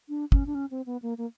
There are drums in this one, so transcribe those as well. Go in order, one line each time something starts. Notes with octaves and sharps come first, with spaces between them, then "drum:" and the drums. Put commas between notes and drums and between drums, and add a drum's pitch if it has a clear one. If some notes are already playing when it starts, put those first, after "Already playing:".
D4
C#4, drum: kick
D4
C#4
C4
B3
A#3
A#3